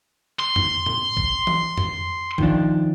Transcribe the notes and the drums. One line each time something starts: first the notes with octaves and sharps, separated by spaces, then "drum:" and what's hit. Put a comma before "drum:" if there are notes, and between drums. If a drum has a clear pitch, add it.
C6
drum: tom F2
drum: tom A2
drum: kick
drum: tom E3
drum: tom F2
D#3 F3 D4, drum: kick